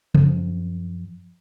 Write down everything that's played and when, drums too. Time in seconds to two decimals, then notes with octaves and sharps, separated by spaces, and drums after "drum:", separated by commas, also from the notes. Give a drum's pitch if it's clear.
0.15 F#2 F3, drum: tom